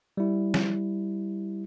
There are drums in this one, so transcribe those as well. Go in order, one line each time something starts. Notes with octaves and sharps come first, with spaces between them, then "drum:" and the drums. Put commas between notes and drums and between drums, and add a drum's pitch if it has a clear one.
G3 E4
drum: snare